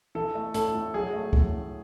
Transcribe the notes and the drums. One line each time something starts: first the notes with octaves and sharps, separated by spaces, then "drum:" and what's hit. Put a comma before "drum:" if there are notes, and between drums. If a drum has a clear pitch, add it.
E3 A4
A3
A2 A4, drum: hi-hat
A2
F#3 G#4
A3
A2, drum: kick C#2
A2